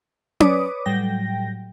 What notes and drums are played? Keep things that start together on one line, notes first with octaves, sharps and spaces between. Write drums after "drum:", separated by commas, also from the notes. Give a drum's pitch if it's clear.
B4 C#5 D5 D6 D#6, drum: tom C#4
A2 F#3 G3 G5 A#6